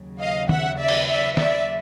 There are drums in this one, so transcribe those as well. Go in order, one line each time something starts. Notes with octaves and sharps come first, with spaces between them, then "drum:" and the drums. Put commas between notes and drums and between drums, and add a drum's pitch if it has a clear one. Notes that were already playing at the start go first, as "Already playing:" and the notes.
Already playing: D#2 C#3 F#3
D#5 F5
E5 F#5, drum: tom D#3
D5 E5
drum: cymbal
D5 E5
D5 E5, drum: snare